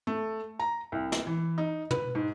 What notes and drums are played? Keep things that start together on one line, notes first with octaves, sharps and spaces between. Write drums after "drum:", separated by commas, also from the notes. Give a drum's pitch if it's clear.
A3
A#5
C2
drum: snare
E3
D#4
B4, drum: tom
G#2